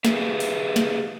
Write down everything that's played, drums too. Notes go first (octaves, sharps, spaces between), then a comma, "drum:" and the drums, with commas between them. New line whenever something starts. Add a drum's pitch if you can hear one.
G4 G#4 B4 E5 F5, drum: snare
drum: open hi-hat
drum: snare